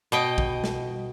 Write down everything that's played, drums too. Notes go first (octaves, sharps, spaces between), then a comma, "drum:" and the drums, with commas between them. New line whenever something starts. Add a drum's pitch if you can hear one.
B2 D#5 G5
drum: kick
drum: snare